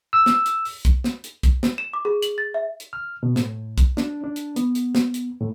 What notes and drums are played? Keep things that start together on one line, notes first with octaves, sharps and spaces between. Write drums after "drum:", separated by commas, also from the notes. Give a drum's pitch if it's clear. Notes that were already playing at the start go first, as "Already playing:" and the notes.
E6
drum: snare
drum: hi-hat
drum: open hi-hat
drum: kick, hi-hat
drum: snare
drum: hi-hat
drum: kick, hi-hat
drum: snare
E7
D6
G#4
F#7, drum: hi-hat
A6
E5
drum: hi-hat
F6
B2
A2, drum: snare
drum: kick, hi-hat
D4, drum: snare
D4
drum: hi-hat
B3, drum: hi-hat
drum: hi-hat
drum: snare
drum: hi-hat
A2